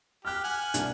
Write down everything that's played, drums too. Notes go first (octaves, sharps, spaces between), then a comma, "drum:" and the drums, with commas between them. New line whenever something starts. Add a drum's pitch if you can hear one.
G4 F6 F#6
F#5 G#5
C2 D4, drum: hi-hat